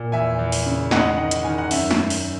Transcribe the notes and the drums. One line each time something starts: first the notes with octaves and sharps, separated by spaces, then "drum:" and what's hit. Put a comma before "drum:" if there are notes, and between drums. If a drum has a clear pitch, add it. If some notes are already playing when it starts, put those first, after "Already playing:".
Already playing: A#2
E2 E5 G#5
E2
drum: open hi-hat
C#3
G#2 D#5 F#5, drum: snare
D#3 D#5 F#5
drum: hi-hat
D#3 G#5
F#5
F#2 E5, drum: open hi-hat
drum: snare
drum: open hi-hat